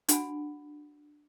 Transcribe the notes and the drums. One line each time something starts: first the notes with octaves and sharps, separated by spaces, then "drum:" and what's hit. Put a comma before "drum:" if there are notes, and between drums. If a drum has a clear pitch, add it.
D4 F#4 F#5 G#5 B5, drum: hi-hat